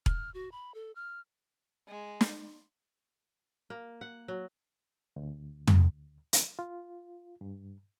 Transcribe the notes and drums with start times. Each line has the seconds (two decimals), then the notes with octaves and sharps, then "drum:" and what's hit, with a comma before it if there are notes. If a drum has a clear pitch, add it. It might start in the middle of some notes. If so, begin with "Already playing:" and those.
0.06 F6, drum: kick E1
0.34 F#4
0.52 B5
0.74 A4
0.95 F6
1.87 G#3
2.21 drum: snare
3.70 A#3
4.01 F#5
4.28 F#3
5.16 D2
5.67 drum: tom
6.33 drum: hi-hat
6.59 F4
7.41 G2